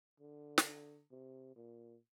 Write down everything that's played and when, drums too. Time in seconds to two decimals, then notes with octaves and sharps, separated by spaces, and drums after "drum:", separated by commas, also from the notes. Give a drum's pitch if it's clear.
0.20 D3
0.58 drum: snare
1.11 C3
1.56 A#2